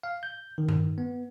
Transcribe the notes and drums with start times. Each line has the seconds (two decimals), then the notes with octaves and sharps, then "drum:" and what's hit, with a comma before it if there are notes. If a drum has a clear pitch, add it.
0.03 F5
0.23 G6
0.58 D#3
0.69 drum: tom G2
0.98 B3